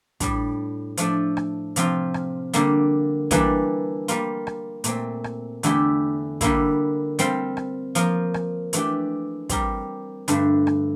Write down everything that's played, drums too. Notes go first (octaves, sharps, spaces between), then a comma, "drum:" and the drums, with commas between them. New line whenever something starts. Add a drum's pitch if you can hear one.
A2 G3 D4, drum: kick, hi-hat
F3 A3 D4 A4, drum: hi-hat
drum: rim click
C3 F3 C4 F4, drum: hi-hat
drum: rim click
D3 G3 A#3, drum: hi-hat
E3 G3 A#3 D4 A4, drum: kick, hi-hat
G3 A#3 F4, drum: hi-hat
drum: rim click
A#2 A3 C4, drum: hi-hat
drum: rim click
E2 D3 A3 E4 G4, drum: hi-hat
D3 G3 A#3 E4, drum: kick, hi-hat
G3 C4 F4 C5, drum: hi-hat
drum: rim click
F3 A#3 F4 A#4, drum: hi-hat
drum: rim click
E3 A3 D4 G4, drum: hi-hat
G3 C4 G4 A#4, drum: kick, hi-hat
G2 D3 A3, drum: hi-hat
drum: rim click